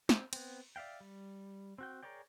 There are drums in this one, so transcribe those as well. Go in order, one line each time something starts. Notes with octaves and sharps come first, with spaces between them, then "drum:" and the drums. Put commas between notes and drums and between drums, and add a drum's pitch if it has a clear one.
C4, drum: snare
B3 C4, drum: cymbal
D5 E5 F5 G5
G3
C4 F#4 G5
G#4 A#4 C#5 D5 G5